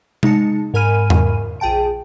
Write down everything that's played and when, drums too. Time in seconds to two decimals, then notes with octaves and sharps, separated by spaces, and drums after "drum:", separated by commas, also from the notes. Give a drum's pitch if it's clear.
0.23 G#3 D#4 A5 C#7, drum: tom C3
0.74 G#2 A#4 G#5 B5 F6 D#7
1.10 drum: tom E2
1.60 A#1 G#4 G5 A5 D7